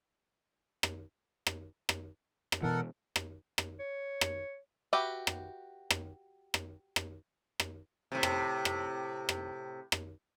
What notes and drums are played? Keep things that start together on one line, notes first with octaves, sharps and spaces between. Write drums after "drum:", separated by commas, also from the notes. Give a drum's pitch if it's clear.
drum: rim click
drum: rim click
drum: rim click
drum: rim click
B2 E3 A4 A#4 F#5
drum: rim click
drum: rim click
C#5
drum: rim click
F#4 G4 B4 E5
drum: rim click
drum: rim click
drum: rim click
drum: rim click
drum: rim click
A2 C3
drum: rim click
drum: rim click
drum: rim click
drum: rim click